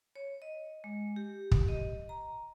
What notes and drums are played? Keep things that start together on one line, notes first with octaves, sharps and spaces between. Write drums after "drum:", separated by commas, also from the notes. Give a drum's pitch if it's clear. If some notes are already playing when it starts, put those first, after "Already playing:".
C#5
D#5
G#3
G4
drum: kick
D#5
A#5